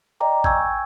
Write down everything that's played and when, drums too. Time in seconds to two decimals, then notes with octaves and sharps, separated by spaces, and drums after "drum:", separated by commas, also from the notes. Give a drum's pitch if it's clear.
0.20 D5 D#5 G5 A#5 D6
0.44 G5 G#5 C#6 E6 G6 G#6, drum: kick